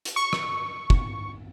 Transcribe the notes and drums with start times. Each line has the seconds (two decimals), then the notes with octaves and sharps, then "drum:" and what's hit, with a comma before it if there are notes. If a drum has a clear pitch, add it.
0.05 drum: hi-hat
0.16 C#6
0.33 drum: rim click
0.90 drum: kick